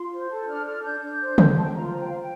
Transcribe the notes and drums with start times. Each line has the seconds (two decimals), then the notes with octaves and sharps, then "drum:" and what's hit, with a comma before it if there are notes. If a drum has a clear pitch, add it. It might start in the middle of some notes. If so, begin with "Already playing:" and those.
Already playing: F4 C6
0.12 C5
0.30 A4
0.48 D4 F6
0.65 A4 F6
0.83 D4 G6
1.01 D4
1.20 C5
1.38 A4, drum: tom
1.51 G5
1.55 C5 A5
1.65 G5
1.74 F4 A#5
1.83 C6
1.91 C5 A#5
2.00 G5
2.09 C5 F5
2.19 G5